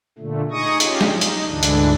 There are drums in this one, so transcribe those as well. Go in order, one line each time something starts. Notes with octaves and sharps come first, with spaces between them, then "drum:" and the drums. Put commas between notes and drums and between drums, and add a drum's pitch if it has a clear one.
A#2 D3 A3
D#4 G#4 D#5 C#6 D#6
C#4 F4 G4, drum: hi-hat
drum: snare
D#4
drum: hi-hat
D2 G#2 D3 E3 D4
drum: hi-hat